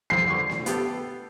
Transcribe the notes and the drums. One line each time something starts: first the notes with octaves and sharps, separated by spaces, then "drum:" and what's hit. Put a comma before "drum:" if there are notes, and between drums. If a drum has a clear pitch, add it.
C2 F2 C7
D3 C#6
drum: snare
B3 G4 A4, drum: hi-hat